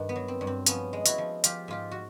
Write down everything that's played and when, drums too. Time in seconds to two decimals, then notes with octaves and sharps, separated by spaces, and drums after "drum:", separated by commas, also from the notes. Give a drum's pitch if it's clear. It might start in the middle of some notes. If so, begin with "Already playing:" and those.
Already playing: G2 D#3
0.09 B3
0.16 F#3
0.28 C4
0.41 G2
0.47 C4
0.66 F3 B3 C#4, drum: hi-hat
0.93 G#3
1.06 E4 F#4, drum: hi-hat
1.18 F3
1.44 F3 F4 G4, drum: hi-hat
1.68 G#2 F4 G4
1.91 F#4